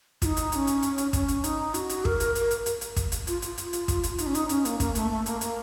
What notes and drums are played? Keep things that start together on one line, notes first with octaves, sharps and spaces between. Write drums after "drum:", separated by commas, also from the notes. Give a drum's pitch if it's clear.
F4, drum: kick, hi-hat
D#4
drum: hi-hat
D#4, drum: hi-hat
C#4
drum: hi-hat
drum: hi-hat
drum: hi-hat
C#4, drum: kick, hi-hat
drum: hi-hat
D#4, drum: hi-hat
F#4, drum: hi-hat
drum: hi-hat
A#4, drum: kick
drum: hi-hat
A#4, drum: hi-hat
drum: hi-hat
drum: hi-hat
drum: hi-hat
drum: kick, hi-hat
drum: hi-hat
F4, drum: hi-hat
F4, drum: hi-hat
drum: hi-hat
drum: hi-hat
drum: kick, hi-hat
drum: hi-hat
D#4, drum: hi-hat
C#4
D#4, drum: hi-hat
C#4, drum: hi-hat
A#3, drum: hi-hat
A#3, drum: kick, hi-hat
A3, drum: hi-hat
A3
A#3, drum: hi-hat
A#3, drum: hi-hat